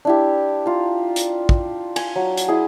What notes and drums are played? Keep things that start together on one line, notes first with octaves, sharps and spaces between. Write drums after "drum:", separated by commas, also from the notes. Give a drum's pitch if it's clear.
D4 E4 G4
F4 A#5
drum: hi-hat
drum: kick
G#5, drum: cymbal
F#3
drum: hi-hat
E4 G#4